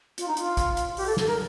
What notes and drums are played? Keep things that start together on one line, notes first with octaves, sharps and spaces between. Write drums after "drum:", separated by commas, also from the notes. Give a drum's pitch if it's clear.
F4, drum: hi-hat
D#4
F4, drum: hi-hat
drum: kick, hi-hat
drum: hi-hat
G4, drum: open hi-hat
A4
A4, drum: snare
A#4